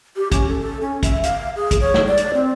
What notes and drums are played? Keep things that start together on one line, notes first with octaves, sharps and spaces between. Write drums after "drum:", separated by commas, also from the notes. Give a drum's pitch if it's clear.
G4
C#4, drum: kick, hi-hat
A4
A4
C#4
E5, drum: kick, hi-hat
F5, drum: hi-hat
G#4
drum: kick, hi-hat
C#5
drum: snare
D5
drum: hi-hat
C4